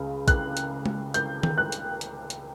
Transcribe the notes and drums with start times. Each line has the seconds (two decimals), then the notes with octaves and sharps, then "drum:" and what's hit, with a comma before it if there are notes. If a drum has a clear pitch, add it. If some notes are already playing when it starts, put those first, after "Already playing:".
Already playing: C#2 C#3
0.28 F#6, drum: kick, hi-hat
0.57 drum: hi-hat
0.86 drum: tom G#3
1.14 G6, drum: hi-hat
1.43 drum: tom D#3
1.58 F#6
1.72 drum: hi-hat
2.01 drum: hi-hat
2.30 drum: hi-hat